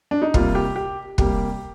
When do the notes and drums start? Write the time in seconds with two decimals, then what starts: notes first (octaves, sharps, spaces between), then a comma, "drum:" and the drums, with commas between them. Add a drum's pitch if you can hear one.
0.11 D4
0.22 D#4
0.34 C3 G3 A#3 F4, drum: kick
0.55 G4
0.76 G4
1.18 C3 G3 A#3 G4, drum: kick